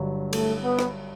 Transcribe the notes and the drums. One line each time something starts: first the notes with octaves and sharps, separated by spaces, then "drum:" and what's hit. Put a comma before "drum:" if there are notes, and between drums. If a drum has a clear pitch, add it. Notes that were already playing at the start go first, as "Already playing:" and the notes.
Already playing: G1 G2 F#3
A3, drum: cymbal
B3
drum: rim click